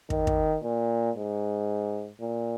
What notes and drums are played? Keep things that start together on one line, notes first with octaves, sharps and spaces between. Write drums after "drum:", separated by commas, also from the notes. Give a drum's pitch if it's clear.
D#3, drum: kick
drum: kick
A#2
G#2
A#2